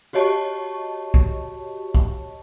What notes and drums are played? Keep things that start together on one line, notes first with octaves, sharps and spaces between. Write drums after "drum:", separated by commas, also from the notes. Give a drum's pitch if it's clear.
F#4 G4 C#5 D#5 A5 C#6
drum: kick
drum: kick